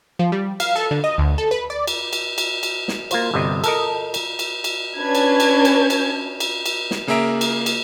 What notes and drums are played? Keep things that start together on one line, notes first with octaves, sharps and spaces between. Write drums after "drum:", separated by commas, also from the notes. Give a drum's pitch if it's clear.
F3
G3
F5, drum: cymbal
A4
D3
D#5
D2
A4
B4
D5
drum: cymbal
drum: cymbal
drum: cymbal
drum: cymbal
drum: snare
A#3 F4 C5, drum: cymbal
G1 C3 G3 D#5
A4 A#4 D#5, drum: cymbal
drum: cymbal
drum: cymbal
drum: cymbal
C#4 D4 B4 G#6
drum: cymbal
drum: cymbal
drum: cymbal
drum: cymbal
drum: cymbal
drum: cymbal
drum: snare
C#3 A#3 G#4 E5 A#5 D7
drum: cymbal
drum: cymbal